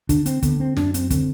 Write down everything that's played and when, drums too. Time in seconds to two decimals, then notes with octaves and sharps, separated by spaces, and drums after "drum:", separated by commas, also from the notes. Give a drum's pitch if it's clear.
0.09 D3 D4, drum: kick, hi-hat
0.26 C4, drum: hi-hat
0.43 D3 B3, drum: kick, hi-hat
0.60 C4
0.76 F#2 D4, drum: snare
0.94 C4, drum: hi-hat
1.10 D3 C4, drum: kick, hi-hat